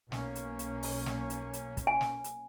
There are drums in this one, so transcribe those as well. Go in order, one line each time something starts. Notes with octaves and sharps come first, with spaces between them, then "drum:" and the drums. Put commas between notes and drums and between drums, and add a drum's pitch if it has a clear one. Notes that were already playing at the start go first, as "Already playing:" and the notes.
B1 A#3 C#4, drum: snare
drum: hi-hat
drum: hi-hat
drum: open hi-hat
drum: snare
drum: hi-hat
drum: hi-hat
drum: kick, hi-hat
G#5
drum: snare
drum: hi-hat